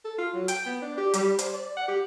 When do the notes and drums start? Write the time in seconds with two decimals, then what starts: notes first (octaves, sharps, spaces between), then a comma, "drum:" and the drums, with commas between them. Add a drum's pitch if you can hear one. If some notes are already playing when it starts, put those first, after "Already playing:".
0.04 A4
0.18 F4
0.34 F#3
0.48 G5, drum: hi-hat
0.65 B3
0.82 D4
0.98 G4
1.14 G3, drum: hi-hat
1.39 C5, drum: hi-hat
1.54 D5
1.77 F#5
1.88 G4